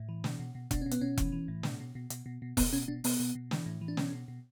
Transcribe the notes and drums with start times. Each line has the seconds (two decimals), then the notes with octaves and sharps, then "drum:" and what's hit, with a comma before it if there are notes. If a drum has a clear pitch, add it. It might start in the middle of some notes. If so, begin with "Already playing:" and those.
Already playing: A2
0.09 E3
0.24 B2, drum: snare
0.39 B2
0.55 B2
0.71 B2 D4, drum: kick E1, hi-hat
0.81 B2 C#4
0.91 B3, drum: hi-hat
1.01 B2 C#4
1.17 E3, drum: kick E1, hi-hat
1.32 E3
1.48 A2
1.63 B2, drum: snare
1.80 B2
1.95 B2
2.10 B2, drum: hi-hat
2.26 B2
2.42 B2
2.57 B2 B3, drum: kick E1, open hi-hat
2.73 B2 C#4
2.88 B2 D4
3.04 B2 B3, drum: open hi-hat
3.20 B2
3.35 B2
3.51 E3, drum: snare
3.66 A2
3.81 E3
3.88 D4
3.97 B2 C#4, drum: snare
4.13 B2
4.28 B2